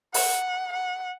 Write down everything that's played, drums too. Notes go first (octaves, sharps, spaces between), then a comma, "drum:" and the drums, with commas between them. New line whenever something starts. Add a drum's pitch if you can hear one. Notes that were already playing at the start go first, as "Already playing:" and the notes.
F#5, drum: open hi-hat
F#5